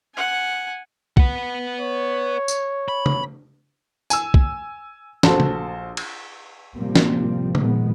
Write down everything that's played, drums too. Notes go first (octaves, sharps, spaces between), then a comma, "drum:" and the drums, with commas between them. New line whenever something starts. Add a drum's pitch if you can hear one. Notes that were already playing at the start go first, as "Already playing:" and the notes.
F#5 G#5
B4 F#5, drum: kick B1
C#5
drum: tambourine
B5
drum: tom C#3
G#5 E6, drum: tambourine
drum: kick B1
A#1 F#4 A4 C5 A5, drum: snare
drum: tom C#3
drum: cymbal
A2 C3 F3 G3 A#3 C4
drum: snare
A#2 D#3 F3 G#3 B3, drum: tom C#3